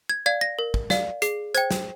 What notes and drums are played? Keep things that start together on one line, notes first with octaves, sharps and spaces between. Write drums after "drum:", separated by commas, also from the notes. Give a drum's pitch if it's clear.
G#6
D5 F5 G#6
A#6
A#4
drum: kick
D5 F5, drum: snare
G#4 C7, drum: hi-hat
C5 G5 G#6, drum: hi-hat
drum: snare